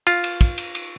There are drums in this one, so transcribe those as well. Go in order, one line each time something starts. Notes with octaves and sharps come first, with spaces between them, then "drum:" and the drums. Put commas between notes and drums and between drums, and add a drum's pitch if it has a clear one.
F4, drum: cymbal
drum: cymbal
drum: kick, cymbal
drum: cymbal
drum: cymbal